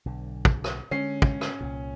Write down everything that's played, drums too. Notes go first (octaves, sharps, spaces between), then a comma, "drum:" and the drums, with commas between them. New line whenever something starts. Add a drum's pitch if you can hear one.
B1 D3
drum: kick
drum: rim click
D3 G#3 C#4 C7
drum: kick
drum: rim click
C2 A#2